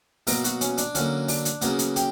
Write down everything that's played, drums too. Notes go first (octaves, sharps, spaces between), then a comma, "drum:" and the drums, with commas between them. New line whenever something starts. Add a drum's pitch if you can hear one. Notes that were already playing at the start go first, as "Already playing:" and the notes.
B2 F#3 A#3 A#4, drum: open hi-hat
F#4, drum: hi-hat
C#4, drum: hi-hat
D4, drum: hi-hat
D3 F#3 A#3 C#4, drum: hi-hat
D4, drum: open hi-hat
drum: hi-hat
C#3 F#3 A#3 B3, drum: hi-hat
drum: hi-hat
G4, drum: hi-hat